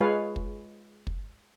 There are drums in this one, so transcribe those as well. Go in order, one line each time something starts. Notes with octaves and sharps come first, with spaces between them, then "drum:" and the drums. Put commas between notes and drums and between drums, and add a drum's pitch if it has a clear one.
G#3 F4 G#4 B4 C#5 F5
drum: kick
drum: kick